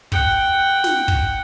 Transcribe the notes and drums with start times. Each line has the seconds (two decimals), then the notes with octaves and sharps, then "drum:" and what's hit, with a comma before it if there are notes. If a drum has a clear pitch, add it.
0.12 F#5 G5, drum: kick
0.84 drum: snare
1.08 drum: kick